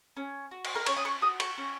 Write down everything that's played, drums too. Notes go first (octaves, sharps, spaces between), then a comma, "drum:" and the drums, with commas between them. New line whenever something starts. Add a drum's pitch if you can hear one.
C#4
F#4
drum: cymbal
A#4
C#4 C#5, drum: cymbal
D#6
C#6
F#4 D#6
C#6, drum: cymbal
C#4